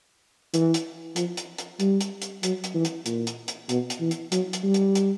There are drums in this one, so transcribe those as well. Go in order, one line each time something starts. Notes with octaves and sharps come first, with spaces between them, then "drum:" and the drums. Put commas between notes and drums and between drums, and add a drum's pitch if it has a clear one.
E3, drum: hi-hat
drum: hi-hat
F3, drum: hi-hat
drum: hi-hat
drum: hi-hat
G3, drum: hi-hat
drum: hi-hat
drum: hi-hat
F#3, drum: hi-hat
drum: hi-hat
E3
drum: hi-hat
A#2, drum: hi-hat
drum: hi-hat
drum: hi-hat
B2, drum: hi-hat
drum: hi-hat
E3
drum: hi-hat
F#3, drum: hi-hat
drum: hi-hat
G3
drum: hi-hat
drum: hi-hat